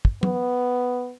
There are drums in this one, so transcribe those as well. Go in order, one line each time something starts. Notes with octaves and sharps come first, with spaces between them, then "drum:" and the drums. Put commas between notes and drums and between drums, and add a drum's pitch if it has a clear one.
drum: kick
B3, drum: tom F#3